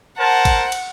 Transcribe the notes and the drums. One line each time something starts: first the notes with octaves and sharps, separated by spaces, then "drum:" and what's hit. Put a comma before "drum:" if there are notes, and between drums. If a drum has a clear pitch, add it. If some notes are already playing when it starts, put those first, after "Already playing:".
A#4 C5 F#5 A5
drum: kick A1, cymbal
drum: cymbal